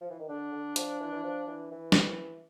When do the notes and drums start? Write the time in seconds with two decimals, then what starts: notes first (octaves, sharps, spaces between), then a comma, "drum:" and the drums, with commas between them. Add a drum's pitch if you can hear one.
0.01 F3
0.11 E3
0.19 D#3
0.29 D3 D4
0.52 D3
0.76 F3, drum: hi-hat
1.00 E3
1.12 E3
1.24 F3
1.47 E3
1.71 E3
1.92 drum: snare